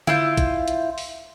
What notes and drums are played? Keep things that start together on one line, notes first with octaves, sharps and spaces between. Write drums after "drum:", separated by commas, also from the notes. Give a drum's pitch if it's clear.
E4 F4 C5, drum: tom D3
drum: kick, hi-hat
drum: hi-hat
drum: open hi-hat